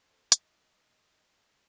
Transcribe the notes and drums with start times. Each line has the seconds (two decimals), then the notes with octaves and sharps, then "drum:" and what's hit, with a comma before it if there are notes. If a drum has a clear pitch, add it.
0.03 A4 C5
0.32 D#5, drum: hi-hat